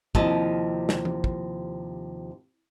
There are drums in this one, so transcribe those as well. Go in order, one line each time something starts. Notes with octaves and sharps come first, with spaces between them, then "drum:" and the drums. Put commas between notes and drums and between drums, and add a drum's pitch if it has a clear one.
D#2 C3 F3 E4 D#5 A5, drum: kick
drum: snare
drum: tom E3
drum: kick